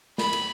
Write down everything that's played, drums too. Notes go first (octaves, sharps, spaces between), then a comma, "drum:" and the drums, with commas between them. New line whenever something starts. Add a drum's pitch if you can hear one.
B5, drum: snare
drum: cymbal